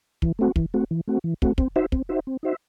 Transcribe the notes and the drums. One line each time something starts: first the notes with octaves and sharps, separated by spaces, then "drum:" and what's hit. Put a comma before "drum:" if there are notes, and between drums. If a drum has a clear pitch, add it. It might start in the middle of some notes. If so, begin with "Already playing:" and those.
E3, drum: kick
A3 C4 F#4
E3, drum: kick
A3 C4 F#4
E3
A3 C4 F#4
E3
A3 C4 F#4, drum: kick
C4, drum: kick
D#4 F#4 C5 E5
C4, drum: kick
D#4 F#4 C5 E5
C4
D#4 F#4 C5 E5